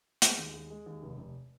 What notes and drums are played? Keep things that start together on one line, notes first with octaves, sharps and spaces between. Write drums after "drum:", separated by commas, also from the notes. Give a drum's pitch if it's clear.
G#3, drum: hi-hat
D#2
G#3
G#3
D#2
F1
F1